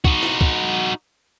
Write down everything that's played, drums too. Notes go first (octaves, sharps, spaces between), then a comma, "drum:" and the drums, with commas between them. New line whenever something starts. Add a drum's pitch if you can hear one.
D#4 F#4, drum: kick
drum: snare
drum: kick